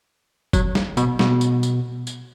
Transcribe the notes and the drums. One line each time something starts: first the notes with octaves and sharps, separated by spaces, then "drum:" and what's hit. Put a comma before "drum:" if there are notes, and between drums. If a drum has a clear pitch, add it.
F#3, drum: kick F#1, tambourine
drum: snare
B2, drum: tambourine
B2, drum: snare
drum: tambourine
drum: tambourine
drum: tambourine